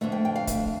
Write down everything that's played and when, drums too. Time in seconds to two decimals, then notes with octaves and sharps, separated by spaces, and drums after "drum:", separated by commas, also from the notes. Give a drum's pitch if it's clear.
0.01 F2 D3 A3 E5
0.12 G5
0.25 G5
0.36 F5
0.47 E5, drum: kick, hi-hat